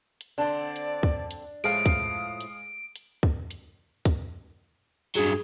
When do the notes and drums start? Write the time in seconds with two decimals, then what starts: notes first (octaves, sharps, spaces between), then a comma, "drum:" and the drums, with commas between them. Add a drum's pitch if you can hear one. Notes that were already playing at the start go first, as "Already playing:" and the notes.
0.21 drum: hi-hat
0.38 D3 C4 D4 D5 A5
0.76 drum: hi-hat
1.03 drum: kick
1.31 drum: hi-hat
1.64 A2 F3 G#3 F5 D#6 D7
1.86 drum: kick, hi-hat
2.41 drum: hi-hat
2.96 drum: hi-hat
3.23 drum: kick
3.50 drum: hi-hat
4.05 drum: kick, hi-hat
5.15 G2 F#3 G#4, drum: hi-hat